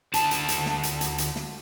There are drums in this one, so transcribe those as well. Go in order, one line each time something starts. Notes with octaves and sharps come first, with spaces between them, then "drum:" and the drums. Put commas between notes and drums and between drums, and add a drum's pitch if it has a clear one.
D2 A5, drum: hi-hat
drum: hi-hat
drum: hi-hat
drum: snare
drum: hi-hat
drum: hi-hat
drum: hi-hat
drum: snare